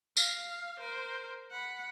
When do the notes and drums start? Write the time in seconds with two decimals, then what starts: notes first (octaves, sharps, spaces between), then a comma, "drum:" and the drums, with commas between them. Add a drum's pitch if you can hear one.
0.17 F5, drum: tambourine
0.79 A#4 C5
1.51 F#5 B5